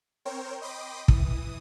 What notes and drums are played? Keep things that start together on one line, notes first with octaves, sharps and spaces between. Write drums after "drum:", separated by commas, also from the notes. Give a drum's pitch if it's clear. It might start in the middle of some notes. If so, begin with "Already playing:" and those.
C4 A#4 C5 C#5 G5
D#5 G5 B5 C6 D6 D#6
E3 D#6, drum: kick